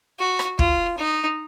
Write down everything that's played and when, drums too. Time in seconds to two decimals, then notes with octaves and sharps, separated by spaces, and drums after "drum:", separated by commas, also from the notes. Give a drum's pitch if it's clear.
0.19 F#4
0.39 drum: rim click
0.59 F4, drum: kick
0.97 D#4